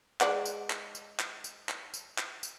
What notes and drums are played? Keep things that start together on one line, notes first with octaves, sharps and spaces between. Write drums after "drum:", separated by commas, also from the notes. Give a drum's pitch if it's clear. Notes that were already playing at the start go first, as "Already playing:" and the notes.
G#3 D5 F#5, drum: clap
drum: tambourine
drum: clap
drum: tambourine
drum: clap
drum: tambourine
drum: clap
drum: tambourine
drum: clap
drum: tambourine